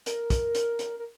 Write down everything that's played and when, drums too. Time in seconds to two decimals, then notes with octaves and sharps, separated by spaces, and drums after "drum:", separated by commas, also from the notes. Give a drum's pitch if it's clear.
0.06 A#4, drum: hi-hat
0.30 drum: kick, hi-hat
0.55 drum: hi-hat
0.79 drum: hi-hat
0.99 A#4